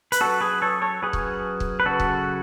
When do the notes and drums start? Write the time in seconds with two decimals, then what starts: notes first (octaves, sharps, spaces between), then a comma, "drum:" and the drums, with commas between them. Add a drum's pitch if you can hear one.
0.12 B4, drum: hi-hat
0.21 F#3 C#4 F#4 A4
0.40 G#4 B4
0.62 A4 C#5
0.82 A4 C#5
1.02 F#3 C#4 G#4 B4
1.13 drum: kick
1.60 drum: kick
1.80 B4
1.85 C#3 F#3 C#4 F#4 A4
2.00 drum: kick